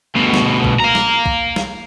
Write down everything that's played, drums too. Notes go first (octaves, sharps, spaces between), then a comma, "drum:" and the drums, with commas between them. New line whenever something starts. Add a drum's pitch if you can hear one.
D2 B2
drum: snare
drum: kick B1
F5 A#5
drum: snare
drum: kick B1
drum: snare